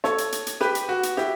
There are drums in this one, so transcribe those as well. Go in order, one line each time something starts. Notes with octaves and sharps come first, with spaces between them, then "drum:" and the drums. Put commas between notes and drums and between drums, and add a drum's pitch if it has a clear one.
A4 C#5, drum: snare
drum: hi-hat
drum: hi-hat
drum: hi-hat
G4 B4, drum: snare
drum: hi-hat
F#4
drum: hi-hat
E4 G4, drum: snare